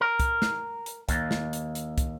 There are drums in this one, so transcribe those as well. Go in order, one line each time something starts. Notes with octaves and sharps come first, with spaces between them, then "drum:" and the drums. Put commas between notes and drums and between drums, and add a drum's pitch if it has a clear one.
A#4
drum: kick, hi-hat
drum: snare
drum: hi-hat
D#2, drum: kick, hi-hat
drum: snare
drum: hi-hat
drum: hi-hat
drum: kick, hi-hat